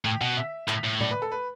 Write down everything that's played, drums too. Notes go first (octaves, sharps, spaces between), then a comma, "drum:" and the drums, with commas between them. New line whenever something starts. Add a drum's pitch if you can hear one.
A2 G5
B2 F#5
E5
A2, drum: clap
A2
D5, drum: tom A#2
B4
A4
B4